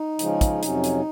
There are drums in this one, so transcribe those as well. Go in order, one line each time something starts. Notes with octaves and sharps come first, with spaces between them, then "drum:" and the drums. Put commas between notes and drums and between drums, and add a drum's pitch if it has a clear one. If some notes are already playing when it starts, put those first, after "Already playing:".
Already playing: D#4
C#3 F3 G#3 C#4, drum: hi-hat
drum: kick, hi-hat
F2 C3 F#3 C#4, drum: hi-hat
drum: hi-hat